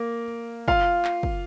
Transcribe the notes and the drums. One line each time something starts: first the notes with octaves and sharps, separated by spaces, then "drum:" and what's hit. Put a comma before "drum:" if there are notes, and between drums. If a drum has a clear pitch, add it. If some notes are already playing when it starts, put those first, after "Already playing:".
Already playing: A#3
F4 F5, drum: kick
drum: clap
drum: kick